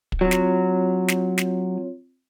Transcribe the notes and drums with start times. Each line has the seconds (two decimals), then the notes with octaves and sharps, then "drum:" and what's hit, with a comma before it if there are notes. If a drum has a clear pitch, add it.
0.12 drum: kick
0.21 F#3 C4 F4 C#5
0.31 drum: snare
1.08 drum: snare
1.38 drum: snare